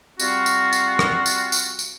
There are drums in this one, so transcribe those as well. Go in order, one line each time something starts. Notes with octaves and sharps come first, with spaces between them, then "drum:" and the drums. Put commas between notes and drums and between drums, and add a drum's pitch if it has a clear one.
G3 C4 F4 F#4, drum: tambourine
drum: tambourine
drum: tambourine
drum: rim click
drum: tambourine
drum: tambourine
drum: tambourine